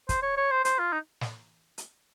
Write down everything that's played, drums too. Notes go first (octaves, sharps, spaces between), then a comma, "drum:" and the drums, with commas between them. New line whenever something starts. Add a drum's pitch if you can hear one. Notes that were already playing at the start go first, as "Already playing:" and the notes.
C5, drum: kick, hi-hat
C#5
C#5
C5
C5, drum: hi-hat
F4
D#4
drum: snare
drum: hi-hat